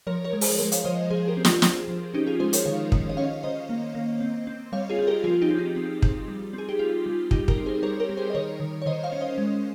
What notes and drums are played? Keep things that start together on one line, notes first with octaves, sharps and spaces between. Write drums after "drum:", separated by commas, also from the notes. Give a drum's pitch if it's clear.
F3 A#4 C#5
A#4 C#5
G#3
G#4 C5, drum: open hi-hat
G#3 A#4 C#5
C#5 F5, drum: hi-hat
F3 C5 D#5
F3 G#4 C5
G4 A#4
C4
F4, drum: snare
C4, drum: snare
F3
C#4 D#4 G4
F4 G#4
G#3 G#4 C5
A#4 C#5, drum: hi-hat
D#3 C#5 F5
D#3, drum: kick
D#5
C#4 C#5 F5
D#3 C5 D#5
A#3
A#3
C4
C4
G3 C#5 F5
F4 G#4
C4
G4 A#4
F3 F4 G#4
D#4 G4
C4
D#4
C4
C4, drum: kick
G3
C4
G#4
G4
C4 F4
G3
G3 D#4 G4, drum: kick
G4 A#4, drum: kick
C4
G#4 C5
G3 A#4 C#5
G4 A#4
G3
G#4 C5
D#5
D#3 A#4 C#5
D#3
C#5
D#3 C5 D#5
C#5 F5
C#4
C5 D#5
G#3